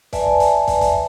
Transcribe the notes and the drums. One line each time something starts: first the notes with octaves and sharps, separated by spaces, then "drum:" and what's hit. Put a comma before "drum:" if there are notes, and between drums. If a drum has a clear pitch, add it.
B4 D5 E5 G#5 A5, drum: kick, hi-hat
drum: kick
drum: hi-hat
drum: kick, hi-hat
drum: kick, hi-hat